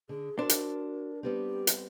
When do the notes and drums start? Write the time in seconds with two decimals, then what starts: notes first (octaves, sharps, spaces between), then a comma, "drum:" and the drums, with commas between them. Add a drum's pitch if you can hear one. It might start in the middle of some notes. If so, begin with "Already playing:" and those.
0.09 D3 G#4
0.39 D4 F#4 A4 A#4 C5
0.49 drum: hi-hat
1.23 G3 B3 C4 G4
1.67 drum: hi-hat